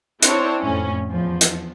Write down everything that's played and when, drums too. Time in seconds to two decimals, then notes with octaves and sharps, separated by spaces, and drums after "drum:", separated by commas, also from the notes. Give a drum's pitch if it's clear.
0.23 C4 D4 E4 C5 C#5, drum: hi-hat
0.62 F2 A2 C#4
1.08 E2 F3
1.41 drum: hi-hat